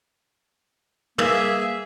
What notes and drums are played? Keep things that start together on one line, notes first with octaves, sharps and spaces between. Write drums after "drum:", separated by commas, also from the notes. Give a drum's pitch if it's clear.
A#3 G#4 A#4 B4 E5 F5, drum: tom